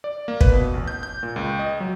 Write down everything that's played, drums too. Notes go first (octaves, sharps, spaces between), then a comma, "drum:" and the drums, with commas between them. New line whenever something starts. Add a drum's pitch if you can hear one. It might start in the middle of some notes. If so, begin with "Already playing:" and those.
D5
A#3
B4, drum: kick
B2
A1
G6
G6
A#2
C#2
D#5
F#3